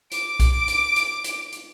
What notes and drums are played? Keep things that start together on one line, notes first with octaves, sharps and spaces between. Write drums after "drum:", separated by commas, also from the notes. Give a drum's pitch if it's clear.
D6 D7, drum: hi-hat
drum: kick B1, hi-hat
drum: hi-hat
drum: hi-hat
drum: hi-hat
drum: hi-hat